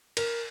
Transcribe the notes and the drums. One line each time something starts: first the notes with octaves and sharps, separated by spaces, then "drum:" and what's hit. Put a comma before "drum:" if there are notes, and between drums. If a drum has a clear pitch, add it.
A#4, drum: cymbal